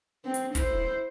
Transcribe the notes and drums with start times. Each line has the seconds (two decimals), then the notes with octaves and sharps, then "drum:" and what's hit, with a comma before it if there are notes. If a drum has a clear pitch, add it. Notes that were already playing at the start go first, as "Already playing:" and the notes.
0.25 C4
0.34 drum: hi-hat
0.55 E4 C5, drum: kick, hi-hat